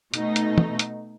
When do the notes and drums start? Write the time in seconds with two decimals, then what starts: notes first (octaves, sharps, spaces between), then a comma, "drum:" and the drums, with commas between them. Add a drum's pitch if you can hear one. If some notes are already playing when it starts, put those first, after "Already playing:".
0.14 B2 A3 D#4, drum: hi-hat
0.36 drum: hi-hat
0.58 drum: tom
0.79 drum: hi-hat